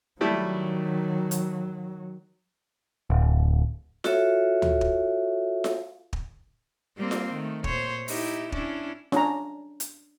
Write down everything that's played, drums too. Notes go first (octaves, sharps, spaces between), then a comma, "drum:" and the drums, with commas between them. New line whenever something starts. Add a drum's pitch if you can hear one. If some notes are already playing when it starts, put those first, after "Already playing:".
D#3 F#3 G3 A3 E4
drum: hi-hat
D1
F4 F#4 A4 C#5 E5, drum: snare F4
drum: tom D2
drum: kick
drum: snare F4
drum: kick
G3 A#3 C4
drum: snare F4
D#3 A3
A#2 C5 C#5, drum: kick
D#4 E4 G4, drum: open hi-hat
C#4 D4 E4, drum: kick
C#4 D4 A#5, drum: snare F4
drum: hi-hat